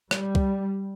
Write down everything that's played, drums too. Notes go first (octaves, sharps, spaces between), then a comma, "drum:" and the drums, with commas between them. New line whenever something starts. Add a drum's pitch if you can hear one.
G3, drum: rim click
drum: kick